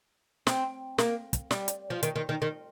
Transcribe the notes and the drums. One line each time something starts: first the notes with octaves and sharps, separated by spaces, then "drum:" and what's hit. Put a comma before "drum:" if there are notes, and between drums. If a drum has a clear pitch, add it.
C4, drum: snare
A#3, drum: snare
drum: kick, hi-hat
G3, drum: snare
drum: hi-hat
F3
D#3, drum: hi-hat
D#3
D#3
D#3